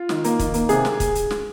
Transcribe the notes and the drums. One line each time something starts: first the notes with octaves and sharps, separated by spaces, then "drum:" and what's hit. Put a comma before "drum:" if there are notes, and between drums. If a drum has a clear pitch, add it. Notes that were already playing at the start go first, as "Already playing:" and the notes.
Already playing: F4
D#3, drum: snare
A#3, drum: hi-hat
D#3, drum: kick, hi-hat
A#3, drum: hi-hat
C3 G#4, drum: hi-hat
drum: snare
drum: kick, hi-hat
drum: hi-hat
drum: snare